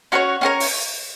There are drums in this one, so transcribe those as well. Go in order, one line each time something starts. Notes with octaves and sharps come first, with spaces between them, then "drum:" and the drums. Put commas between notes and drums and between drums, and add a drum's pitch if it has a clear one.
C#4 F#4 A#4 C#5
C#4 F#4 A#4 C#5
drum: open hi-hat